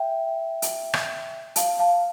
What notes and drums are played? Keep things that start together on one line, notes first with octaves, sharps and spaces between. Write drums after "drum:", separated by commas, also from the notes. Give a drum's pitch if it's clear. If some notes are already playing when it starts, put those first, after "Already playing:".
Already playing: E5 G5
drum: hi-hat
drum: rim click
F5 A5, drum: hi-hat
F5 A5